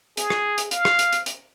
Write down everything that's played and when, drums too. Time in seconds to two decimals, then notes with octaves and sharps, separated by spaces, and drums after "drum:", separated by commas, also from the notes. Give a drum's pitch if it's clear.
0.17 G#4, drum: hi-hat
0.30 drum: rim click
0.58 drum: hi-hat
0.71 F5, drum: hi-hat
0.85 drum: rim click
0.99 drum: hi-hat
1.13 drum: hi-hat
1.26 drum: hi-hat